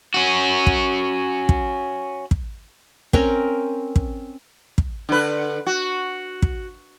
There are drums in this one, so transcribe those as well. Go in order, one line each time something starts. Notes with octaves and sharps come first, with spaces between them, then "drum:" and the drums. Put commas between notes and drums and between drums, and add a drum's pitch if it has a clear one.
C#4 F#4
drum: kick
drum: kick
drum: kick
C4 C#4 A#4, drum: kick
drum: kick
drum: kick
D3 B4
F#4
drum: kick